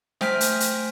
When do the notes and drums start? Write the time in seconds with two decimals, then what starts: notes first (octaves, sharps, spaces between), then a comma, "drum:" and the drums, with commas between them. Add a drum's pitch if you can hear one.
0.21 A3 C5 G5 G#5 F6 B6, drum: snare
0.41 drum: hi-hat
0.60 drum: hi-hat